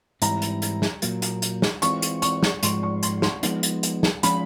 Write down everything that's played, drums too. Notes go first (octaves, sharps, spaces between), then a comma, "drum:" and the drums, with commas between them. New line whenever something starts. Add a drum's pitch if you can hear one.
G#2 E3 G3 C4 E4 A#5, drum: hi-hat
drum: hi-hat
drum: hi-hat
drum: snare
A#2 F#3 A#3, drum: hi-hat
drum: hi-hat
drum: hi-hat
drum: snare
E3 G#3 C4 F4 C#6, drum: hi-hat
drum: hi-hat
C#6, drum: hi-hat
drum: snare
G#2 F3 G#3 C6, drum: hi-hat
C#6
C6, drum: hi-hat
C6, drum: snare
F3 G#3 B3 D#4, drum: hi-hat
drum: hi-hat
drum: hi-hat
drum: snare
F3 G#3 C#4 F4 G#4 B5, drum: hi-hat